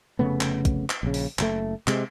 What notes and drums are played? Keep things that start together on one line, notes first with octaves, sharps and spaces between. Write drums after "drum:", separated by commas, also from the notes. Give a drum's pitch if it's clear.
F1 C#3 A3 B3
drum: clap
drum: kick, hi-hat
drum: clap
A#1 C#3
drum: open hi-hat
F#1 B2 A3, drum: clap
C3 G#3, drum: clap